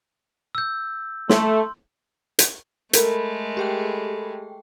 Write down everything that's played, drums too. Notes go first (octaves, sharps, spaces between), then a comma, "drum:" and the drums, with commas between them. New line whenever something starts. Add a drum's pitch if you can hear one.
E6 G6
A3 C6, drum: snare
drum: hi-hat
G#3 A3 A4 A#4 B5, drum: hi-hat
G4 G#4 G5